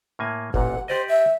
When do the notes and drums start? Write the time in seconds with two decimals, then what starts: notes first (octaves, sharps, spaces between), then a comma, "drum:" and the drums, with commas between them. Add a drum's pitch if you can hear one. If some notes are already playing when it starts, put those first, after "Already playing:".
0.19 A2 A#3 G#5
0.54 A1 A#2 F#5, drum: kick F1
0.88 G4 C5 D5 D#5
1.08 E5